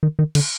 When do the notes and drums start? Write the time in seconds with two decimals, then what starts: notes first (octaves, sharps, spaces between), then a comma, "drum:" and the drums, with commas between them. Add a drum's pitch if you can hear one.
0.03 D#3
0.19 D#3
0.35 D3, drum: cymbal